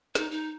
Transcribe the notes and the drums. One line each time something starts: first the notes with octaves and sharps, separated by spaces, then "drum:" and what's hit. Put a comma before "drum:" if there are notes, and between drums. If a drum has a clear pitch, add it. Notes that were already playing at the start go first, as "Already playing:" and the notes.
D#4, drum: snare
D#4